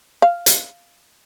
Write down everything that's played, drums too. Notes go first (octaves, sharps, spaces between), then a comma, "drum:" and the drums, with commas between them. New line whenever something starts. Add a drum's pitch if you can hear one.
F5
drum: hi-hat